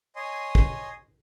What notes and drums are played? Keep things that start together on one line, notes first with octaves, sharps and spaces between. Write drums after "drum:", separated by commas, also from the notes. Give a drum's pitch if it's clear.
C#5 D#5 G#5 C6
drum: kick